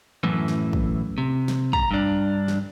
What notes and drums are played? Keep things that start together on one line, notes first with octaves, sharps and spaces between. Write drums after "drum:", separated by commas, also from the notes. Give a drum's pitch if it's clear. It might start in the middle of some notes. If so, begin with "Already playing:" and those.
F#2 A2 E3
drum: snare
drum: kick
C3
drum: snare
A#5, drum: kick
G2 D4
drum: snare